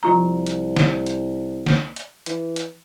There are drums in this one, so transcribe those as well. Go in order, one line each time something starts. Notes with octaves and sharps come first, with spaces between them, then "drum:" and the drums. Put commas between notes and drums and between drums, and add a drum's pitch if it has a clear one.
C2 F3 F4 A#5
drum: hi-hat
drum: snare
drum: hi-hat
drum: snare
drum: hi-hat
E3, drum: hi-hat
drum: hi-hat